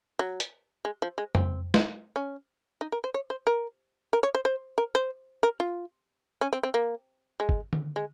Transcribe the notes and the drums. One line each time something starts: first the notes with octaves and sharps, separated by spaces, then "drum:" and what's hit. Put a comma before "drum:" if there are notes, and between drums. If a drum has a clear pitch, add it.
F#3
drum: hi-hat
G#3
F3
G#3
C4, drum: tom F2
drum: snare
C#4
D#4
A#4
C5
C#5
C5
A#4
A#4
C#5
C5
C5
A#4
C5
A#4
F4
C#4
C4
C4
A#3
G#3
drum: kick
drum: tom D3
G#3